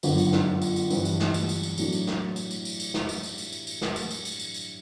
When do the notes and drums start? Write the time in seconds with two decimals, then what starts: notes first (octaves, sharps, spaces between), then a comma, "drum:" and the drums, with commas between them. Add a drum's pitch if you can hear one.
0.03 G1 F#2 D3, drum: tambourine
0.18 drum: tambourine
0.33 drum: snare
0.62 drum: tambourine
0.76 drum: tambourine
0.90 G2 E3 G3, drum: tambourine
1.05 drum: tambourine
1.20 drum: snare
1.34 drum: tambourine
1.49 drum: tambourine
1.63 drum: tambourine
1.78 A2 F#3 A3 D4, drum: tambourine
1.92 drum: tambourine
2.07 drum: snare
2.36 drum: tambourine
2.51 drum: tambourine
2.65 drum: tambourine
2.80 drum: tambourine
2.94 drum: snare
3.09 drum: tambourine
3.23 drum: tambourine
3.38 drum: tambourine
3.52 drum: tambourine
3.67 drum: tambourine
3.81 drum: snare
3.96 drum: tambourine
4.11 drum: tambourine
4.25 drum: tambourine
4.40 drum: tambourine
4.54 drum: tambourine